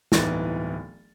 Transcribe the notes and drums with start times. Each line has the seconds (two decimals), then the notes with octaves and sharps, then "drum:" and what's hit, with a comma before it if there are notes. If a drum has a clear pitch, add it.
0.12 D1 G1 E3 D#4 A6 D#7, drum: snare